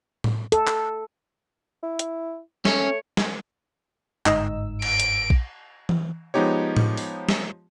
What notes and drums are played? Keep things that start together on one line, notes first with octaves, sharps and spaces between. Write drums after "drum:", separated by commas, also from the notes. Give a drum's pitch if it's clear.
drum: tom A2
A4, drum: hi-hat
drum: clap
E4
drum: hi-hat
A3 C#4 C#5, drum: snare
drum: snare
G1 G#2 D#4 D#5 E6, drum: clap
D7, drum: cymbal
drum: hi-hat
drum: kick A#1
drum: tom E3
F3 G#3 B3 D#4 G4 C#5
drum: tom A2
drum: open hi-hat
drum: snare